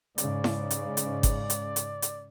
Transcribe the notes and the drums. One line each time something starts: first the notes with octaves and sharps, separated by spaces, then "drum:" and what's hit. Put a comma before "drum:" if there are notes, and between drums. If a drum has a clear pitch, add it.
G#2 C#3 D5, drum: hi-hat
drum: snare E4
drum: hi-hat
drum: hi-hat
drum: kick G1, hi-hat
drum: hi-hat
drum: hi-hat
drum: hi-hat